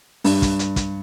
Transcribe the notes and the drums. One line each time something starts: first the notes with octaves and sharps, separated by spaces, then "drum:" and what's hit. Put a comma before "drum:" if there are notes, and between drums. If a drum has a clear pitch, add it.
G2, drum: open hi-hat
drum: kick, hi-hat
drum: hi-hat
drum: kick, hi-hat